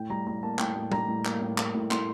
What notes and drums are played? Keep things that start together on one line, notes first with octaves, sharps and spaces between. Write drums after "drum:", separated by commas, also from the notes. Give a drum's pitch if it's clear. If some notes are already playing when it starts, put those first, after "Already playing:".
Already playing: A2 G5
G3 A#5
A2 A#5
A#3 A5
A2 G5, drum: clap
A2
G3 A#5, drum: tom G3
A2
A#3, drum: clap
A2
A#3, drum: clap
A2
A2 C6, drum: clap